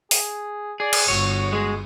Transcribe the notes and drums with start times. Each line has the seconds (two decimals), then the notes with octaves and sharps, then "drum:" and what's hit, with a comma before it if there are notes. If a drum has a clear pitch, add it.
0.11 G#4, drum: open hi-hat
0.80 G#4 D5
0.93 drum: cymbal
1.08 G1 F#4 C#5
1.53 G#3 G#4